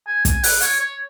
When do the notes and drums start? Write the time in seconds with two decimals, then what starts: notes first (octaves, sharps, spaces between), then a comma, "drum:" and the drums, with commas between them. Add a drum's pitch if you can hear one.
0.07 G#5
0.25 G#5, drum: kick, hi-hat
0.43 F#5, drum: open hi-hat
0.61 C#5, drum: hi-hat
0.80 C#5